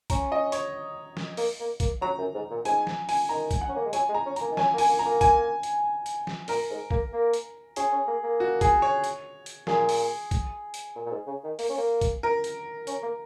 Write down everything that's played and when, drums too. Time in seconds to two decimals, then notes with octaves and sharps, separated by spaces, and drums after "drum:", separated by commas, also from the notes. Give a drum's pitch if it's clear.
0.10 C#4 A#5, drum: kick, hi-hat
0.32 D#5
0.52 C#5, drum: hi-hat
1.17 drum: snare
1.37 A#3, drum: open hi-hat
1.60 A#3
1.80 A#3, drum: kick, hi-hat
2.01 F#3 A#5
2.18 F#2
2.34 G#2
2.50 A#2
2.65 G#2 G#5, drum: hi-hat
2.87 drum: snare
3.09 G#5, drum: open hi-hat
3.29 D#3 A#5
3.51 drum: kick, hi-hat
3.61 F#5
3.69 C#4
3.76 A#3
3.85 G#3
3.93 F#3 G#5, drum: hi-hat
4.09 G#3
4.15 A#5
4.26 C#4
4.36 A#3 A#5, drum: hi-hat
4.51 D#3
4.57 F#3 G#5, drum: snare
4.73 A#3
4.78 G#5, drum: open hi-hat
4.88 A#3
4.99 A#5
5.05 A#3
5.21 G#5, drum: kick, hi-hat
5.63 drum: hi-hat
6.06 drum: hi-hat
6.27 drum: snare
6.48 A#2 A#4, drum: open hi-hat
6.70 G#2
6.91 A#3, drum: kick
7.13 A#3
7.34 drum: hi-hat
7.76 C#4 G#4, drum: hi-hat
7.92 C#4
8.07 A#3
8.24 A#3
8.40 F#4
8.61 G#4, drum: kick, hi-hat
8.82 C#5
9.04 drum: hi-hat
9.46 drum: hi-hat
9.67 A#2 G#4, drum: snare
9.89 drum: open hi-hat
10.31 drum: kick, hi-hat
10.74 drum: hi-hat
10.95 A#2
11.06 A#2
11.11 G#2
11.26 C#3
11.44 D#3
11.59 A#3, drum: open hi-hat
11.69 C#4
11.78 A#3
12.01 drum: kick, hi-hat
12.23 A#4
12.44 drum: hi-hat
12.87 C#4, drum: hi-hat
13.03 A#3